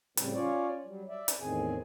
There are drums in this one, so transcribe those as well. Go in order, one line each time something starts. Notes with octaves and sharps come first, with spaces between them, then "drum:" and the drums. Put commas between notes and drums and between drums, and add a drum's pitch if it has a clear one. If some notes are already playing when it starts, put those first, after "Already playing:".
A2 C#3 G3 C4, drum: hi-hat
C#4 F4 C#5 D5
F#3 G3
D5 E5
drum: hi-hat
E2 A2 D#3 C4 G#4 G#5